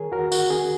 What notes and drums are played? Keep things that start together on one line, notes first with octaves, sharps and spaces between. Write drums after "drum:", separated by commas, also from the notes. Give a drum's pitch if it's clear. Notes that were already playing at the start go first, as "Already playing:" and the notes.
Already playing: D#3 G#4 A#4 C#5
E2 F#4 A#4
F#4, drum: tambourine
C#4 G#4